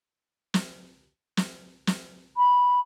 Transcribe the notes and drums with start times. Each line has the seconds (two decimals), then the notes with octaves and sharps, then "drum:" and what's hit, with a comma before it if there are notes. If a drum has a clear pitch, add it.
0.54 drum: snare
1.37 drum: snare
1.87 drum: snare
2.37 B5